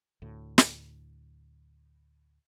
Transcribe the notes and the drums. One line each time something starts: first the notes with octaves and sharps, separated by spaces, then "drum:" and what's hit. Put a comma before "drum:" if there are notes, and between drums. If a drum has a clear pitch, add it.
D2 A2
drum: snare